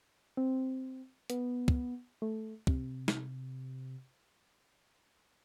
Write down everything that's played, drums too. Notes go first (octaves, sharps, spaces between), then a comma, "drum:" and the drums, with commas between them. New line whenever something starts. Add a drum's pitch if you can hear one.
C4
B3, drum: hi-hat
drum: kick
A3
C3, drum: kick
drum: snare